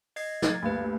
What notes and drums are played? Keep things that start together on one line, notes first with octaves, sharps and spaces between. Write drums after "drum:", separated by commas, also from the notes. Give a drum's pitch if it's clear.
D#5 G#6 C7, drum: open hi-hat
A#4 G#6 A6, drum: snare
D2 G2 A#3 B4